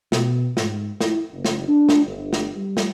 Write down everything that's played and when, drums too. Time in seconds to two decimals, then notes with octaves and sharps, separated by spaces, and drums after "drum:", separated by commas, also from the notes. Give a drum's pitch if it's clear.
0.12 B2, drum: snare
0.57 G#2, drum: snare
1.01 E4, drum: snare
1.31 F#1
1.45 drum: snare
1.68 D4
1.89 drum: snare
2.04 G1
2.33 drum: snare
2.55 G3
2.77 drum: snare